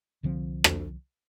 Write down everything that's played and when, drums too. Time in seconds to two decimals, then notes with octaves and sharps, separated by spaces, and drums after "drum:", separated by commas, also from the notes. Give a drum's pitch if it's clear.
0.23 C2 D3 F3 C4
0.64 drum: rim click